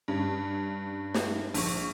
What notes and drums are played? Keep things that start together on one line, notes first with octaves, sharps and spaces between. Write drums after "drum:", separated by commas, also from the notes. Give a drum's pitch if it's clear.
G2 C#4
drum: snare
A#1 C#6, drum: open hi-hat